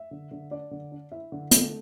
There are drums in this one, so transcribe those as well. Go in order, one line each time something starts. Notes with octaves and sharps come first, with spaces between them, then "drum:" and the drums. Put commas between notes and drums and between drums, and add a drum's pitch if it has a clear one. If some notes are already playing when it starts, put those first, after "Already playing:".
Already playing: E5
D3
D3
D4 D5
D3
D4
E4 E5
D3
A3, drum: hi-hat